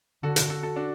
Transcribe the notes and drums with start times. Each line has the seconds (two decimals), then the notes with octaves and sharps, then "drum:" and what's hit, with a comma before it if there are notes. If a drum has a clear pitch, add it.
0.23 D3 F#4 A4
0.36 F#4 A4, drum: hi-hat
0.49 F#4 A4
0.63 F#4 A4
0.76 D4 F#4